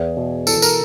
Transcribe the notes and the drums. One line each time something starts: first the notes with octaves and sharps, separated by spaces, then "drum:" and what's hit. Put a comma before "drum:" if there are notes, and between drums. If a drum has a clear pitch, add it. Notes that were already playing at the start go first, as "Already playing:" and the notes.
Already playing: E2 G#4
B2
E3 A4, drum: tambourine
A#4, drum: tambourine